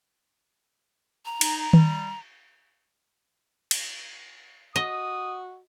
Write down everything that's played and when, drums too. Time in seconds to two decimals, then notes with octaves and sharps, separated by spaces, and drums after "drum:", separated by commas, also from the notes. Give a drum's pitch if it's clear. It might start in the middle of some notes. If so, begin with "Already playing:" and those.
1.25 A#5
1.41 D#4, drum: cymbal
1.73 G3, drum: tom D#3
3.71 drum: cymbal
4.76 F#4 D#5 D#6